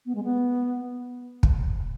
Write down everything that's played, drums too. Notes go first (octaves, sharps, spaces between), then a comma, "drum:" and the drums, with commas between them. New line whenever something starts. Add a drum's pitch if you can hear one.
B3
G#3
B3
drum: kick